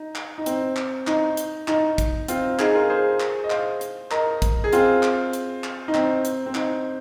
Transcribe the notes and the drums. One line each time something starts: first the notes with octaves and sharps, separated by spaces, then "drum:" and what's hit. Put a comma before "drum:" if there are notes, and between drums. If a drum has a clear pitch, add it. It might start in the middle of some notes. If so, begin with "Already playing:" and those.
Already playing: D#4
drum: clap
D#4
C4, drum: hi-hat
drum: clap
D#4, drum: clap
drum: hi-hat
D#4, drum: clap
drum: kick, hi-hat
C4 F4, drum: hi-hat
D#4 G#4, drum: clap
F4 A#4
G#4 C5
drum: clap
D#5
C5 F5, drum: clap
drum: hi-hat
A#4 D#5, drum: clap
drum: kick, hi-hat
G#4
C4 F4, drum: hi-hat
drum: clap
drum: hi-hat
drum: clap
D#4
C4, drum: clap
drum: hi-hat
C4
D#4, drum: clap